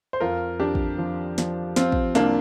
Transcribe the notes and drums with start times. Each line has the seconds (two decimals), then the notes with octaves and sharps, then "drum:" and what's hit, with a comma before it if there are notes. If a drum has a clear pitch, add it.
0.13 C5
0.20 F2 F4 A#4
0.59 F2 D4 G4
0.75 drum: kick
0.98 F3
1.38 F3, drum: snare
1.76 F3 C4 F4, drum: snare
1.92 drum: kick
2.15 C2 A#3 D4, drum: snare